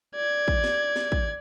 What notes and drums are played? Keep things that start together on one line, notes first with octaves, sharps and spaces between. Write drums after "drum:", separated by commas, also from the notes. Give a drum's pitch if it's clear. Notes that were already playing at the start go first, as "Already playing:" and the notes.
D5 G#6
drum: kick
drum: snare
drum: snare
drum: kick